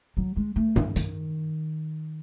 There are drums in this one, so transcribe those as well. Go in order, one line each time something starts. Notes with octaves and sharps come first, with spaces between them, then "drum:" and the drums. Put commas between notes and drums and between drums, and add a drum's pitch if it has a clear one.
F#3
G#3
A3
E3, drum: tom G2
D#3, drum: hi-hat